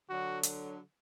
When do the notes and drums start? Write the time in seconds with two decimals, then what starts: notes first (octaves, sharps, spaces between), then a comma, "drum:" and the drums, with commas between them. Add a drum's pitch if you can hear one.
0.10 D3 F#3 F#4
0.43 drum: hi-hat